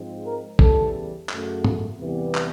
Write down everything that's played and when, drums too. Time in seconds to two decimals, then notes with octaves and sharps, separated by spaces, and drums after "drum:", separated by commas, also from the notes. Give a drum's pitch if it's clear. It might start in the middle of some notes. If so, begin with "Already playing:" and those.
Already playing: G#2 F3 G#3 C4
0.24 A#4
0.59 E2 C#3 E3 G3 A4, drum: kick
1.29 F#2 C#3 F#3 A3, drum: clap
1.64 drum: tom
1.99 E2 C3 E3 G3 B3
2.35 drum: clap